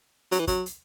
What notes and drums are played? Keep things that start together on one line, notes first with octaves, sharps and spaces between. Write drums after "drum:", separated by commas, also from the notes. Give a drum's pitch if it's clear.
F#3, drum: hi-hat
E3
F#3, drum: kick, hi-hat
drum: hi-hat